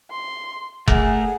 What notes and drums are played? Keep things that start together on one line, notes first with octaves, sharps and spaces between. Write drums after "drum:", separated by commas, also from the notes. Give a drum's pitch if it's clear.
C6
A3 G#4 A#4 F#5, drum: kick F1